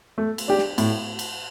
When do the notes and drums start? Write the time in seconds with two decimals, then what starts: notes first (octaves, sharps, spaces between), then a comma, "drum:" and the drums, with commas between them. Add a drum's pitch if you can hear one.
0.18 A3
0.38 drum: cymbal
0.48 D4 G4
0.58 drum: snare
0.78 A2, drum: cymbal
1.19 drum: cymbal